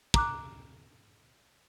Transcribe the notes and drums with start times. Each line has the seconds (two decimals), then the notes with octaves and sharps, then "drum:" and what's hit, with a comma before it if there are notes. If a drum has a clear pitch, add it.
0.14 A#5 D6 F#6, drum: kick